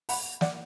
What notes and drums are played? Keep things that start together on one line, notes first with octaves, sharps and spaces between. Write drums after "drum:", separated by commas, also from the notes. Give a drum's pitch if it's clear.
F#5 B5, drum: open hi-hat
D5 F#5, drum: snare